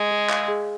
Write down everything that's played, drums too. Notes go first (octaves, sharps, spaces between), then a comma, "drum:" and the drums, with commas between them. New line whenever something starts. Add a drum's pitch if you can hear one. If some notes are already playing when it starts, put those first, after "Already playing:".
Already playing: G#3 G#4
G#4
F5, drum: clap
G#4